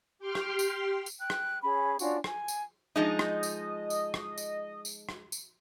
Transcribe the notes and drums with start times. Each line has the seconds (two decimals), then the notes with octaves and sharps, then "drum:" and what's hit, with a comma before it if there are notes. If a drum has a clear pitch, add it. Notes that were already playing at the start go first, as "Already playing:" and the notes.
0.19 G4 G5 C6 F6
0.35 drum: rim click
0.59 drum: tambourine
1.06 drum: tambourine
1.19 G5 F#6
1.30 drum: rim click
1.63 C#4 G#4 B5
1.99 C#4 D4 F4 F#4, drum: tambourine
2.24 G#5, drum: rim click
2.48 drum: tambourine
2.96 F3 G#3 D#4 D#5
3.19 drum: rim click
3.43 drum: tambourine
3.90 drum: tambourine
4.14 drum: rim click
4.38 drum: tambourine
4.85 drum: tambourine
5.09 drum: rim click
5.32 drum: tambourine